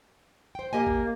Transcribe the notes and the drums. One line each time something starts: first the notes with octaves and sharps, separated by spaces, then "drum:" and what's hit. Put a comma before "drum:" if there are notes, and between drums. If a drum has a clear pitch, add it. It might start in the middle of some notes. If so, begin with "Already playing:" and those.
C5 G5
A#3 G4 D#5 G#5
drum: kick